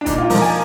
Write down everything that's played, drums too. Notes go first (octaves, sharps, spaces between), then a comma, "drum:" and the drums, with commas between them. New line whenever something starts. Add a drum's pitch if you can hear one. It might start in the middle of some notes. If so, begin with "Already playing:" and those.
D4
A#2 D#4, drum: kick, hi-hat
F4
F3 A#4, drum: open hi-hat
G#5